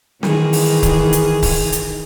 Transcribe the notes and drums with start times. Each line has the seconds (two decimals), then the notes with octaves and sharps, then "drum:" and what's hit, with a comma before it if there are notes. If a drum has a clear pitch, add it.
0.23 D#3 E3 G#4, drum: snare
0.53 drum: open hi-hat
0.83 drum: kick C#1, hi-hat
1.13 drum: hi-hat
1.42 drum: kick C#1, open hi-hat
1.72 drum: hi-hat